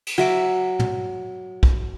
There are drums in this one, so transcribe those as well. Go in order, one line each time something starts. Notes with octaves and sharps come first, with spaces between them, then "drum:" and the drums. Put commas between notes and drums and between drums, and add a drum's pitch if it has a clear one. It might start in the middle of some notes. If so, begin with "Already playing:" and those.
drum: cymbal
F#3 E5 D6
drum: tom
drum: kick